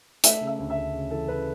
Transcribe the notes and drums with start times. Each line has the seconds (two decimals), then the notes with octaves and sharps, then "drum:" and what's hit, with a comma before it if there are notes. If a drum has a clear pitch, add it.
0.24 A3 E5, drum: hi-hat
0.41 C#3
0.47 E5
0.58 D2
0.70 E5
0.76 D2
0.94 C#3
1.11 E3 A4
1.28 C#3 B4